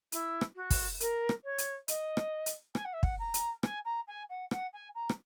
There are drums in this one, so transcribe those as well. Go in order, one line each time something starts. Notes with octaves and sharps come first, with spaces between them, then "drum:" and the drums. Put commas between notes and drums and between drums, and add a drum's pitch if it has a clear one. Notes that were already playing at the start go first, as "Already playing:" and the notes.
E4, drum: hi-hat
drum: rim click
F#4
drum: kick, open hi-hat
A#4, drum: hi-hat
drum: rim click
C#5
drum: hi-hat
D#5, drum: hi-hat
drum: rim click
drum: hi-hat
G#5, drum: rim click
F#5
E5
F#5, drum: kick
A#5
drum: hi-hat
G#5, drum: rim click
A#5
G#5
F#5
F#5, drum: rim click
G#5
A#5
drum: rim click